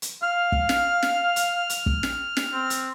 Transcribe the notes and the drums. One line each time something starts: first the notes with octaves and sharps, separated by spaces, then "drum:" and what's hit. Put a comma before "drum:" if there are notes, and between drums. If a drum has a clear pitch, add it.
drum: hi-hat
F5 F6
drum: kick
drum: snare
drum: snare
drum: hi-hat
drum: hi-hat
drum: kick
drum: snare
drum: snare
C4
drum: hi-hat